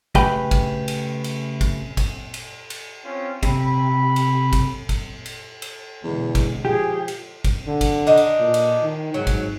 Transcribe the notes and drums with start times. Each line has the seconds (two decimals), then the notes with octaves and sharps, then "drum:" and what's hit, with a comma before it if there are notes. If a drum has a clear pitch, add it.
0.15 C#3 A3 G4 B4 G5 B5, drum: kick, cymbal
0.51 drum: kick, cymbal
0.88 drum: cymbal
1.24 drum: cymbal
1.61 drum: kick, cymbal
1.97 drum: kick, cymbal
2.34 drum: cymbal
2.70 drum: cymbal
3.04 C4 C#4 F4
3.43 C3 B5, drum: kick, cymbal
4.16 drum: cymbal
4.53 drum: kick, cymbal
4.89 drum: kick, cymbal
5.26 drum: cymbal
5.62 drum: cymbal
6.04 E2 B2 D3 G#3
6.35 drum: kick, cymbal
6.65 F3 G4 G#4
7.08 drum: cymbal
7.44 drum: kick, cymbal
7.67 D3
7.81 drum: kick, cymbal
8.07 D4 D#4
8.17 drum: cymbal
8.40 A#2
8.54 drum: cymbal
8.83 D#3
9.14 G#2 F#3
9.27 drum: kick, cymbal